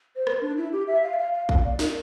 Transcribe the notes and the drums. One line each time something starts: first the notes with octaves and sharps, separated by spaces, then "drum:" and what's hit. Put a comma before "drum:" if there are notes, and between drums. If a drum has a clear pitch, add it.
C5
A#4, drum: rim click
D4
E4
G4
E5
F5
E5
F5
F5
F5, drum: kick
D5
A#4, drum: snare